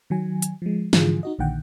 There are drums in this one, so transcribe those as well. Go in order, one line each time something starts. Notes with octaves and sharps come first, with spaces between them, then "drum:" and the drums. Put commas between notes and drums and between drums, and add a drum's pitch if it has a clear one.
D#3 F#3 G#5
drum: hi-hat
F3 G#3
G#2 D3 E3 F3 F4 G#4, drum: snare
D#4 F#4 D#5
A#1 A#2 D3 D#3 F#5 G5